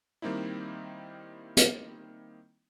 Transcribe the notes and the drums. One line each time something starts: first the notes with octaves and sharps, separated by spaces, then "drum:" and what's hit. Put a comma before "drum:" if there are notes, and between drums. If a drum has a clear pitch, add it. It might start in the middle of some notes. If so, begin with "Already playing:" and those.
D#3 G3 A#3 C4 D#4 E4
drum: hi-hat